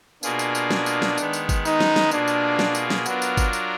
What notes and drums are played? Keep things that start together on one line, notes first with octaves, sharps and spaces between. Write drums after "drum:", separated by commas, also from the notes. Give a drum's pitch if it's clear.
B2 A#3 D4 F4 G#4, drum: tambourine
drum: tambourine
drum: tambourine
drum: snare
drum: tambourine
drum: snare
D#3 G#3 B3, drum: tambourine
drum: tambourine
drum: kick G1, tambourine
D#4, drum: tambourine
drum: snare
drum: snare
B2 A#3 D4 F4 G#4, drum: tambourine
drum: tambourine
drum: snare
drum: tambourine
drum: snare
F#3 B3 D4 F4 A#4, drum: tambourine
drum: tambourine
drum: kick G1, tambourine
drum: tambourine